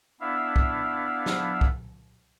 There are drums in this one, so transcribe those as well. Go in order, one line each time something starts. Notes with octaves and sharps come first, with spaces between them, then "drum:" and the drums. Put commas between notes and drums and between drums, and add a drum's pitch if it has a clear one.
B3 D4 E4 E5 F5
drum: kick
drum: snare
drum: kick